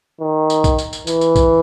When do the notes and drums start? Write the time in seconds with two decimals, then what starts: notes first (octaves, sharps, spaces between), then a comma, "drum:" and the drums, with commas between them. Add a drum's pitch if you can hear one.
0.21 D#3
0.50 drum: tambourine
0.64 drum: kick B1, tambourine
0.78 drum: tambourine
0.93 drum: tambourine
1.07 E3, drum: tambourine
1.21 drum: tambourine
1.36 drum: kick B1, tambourine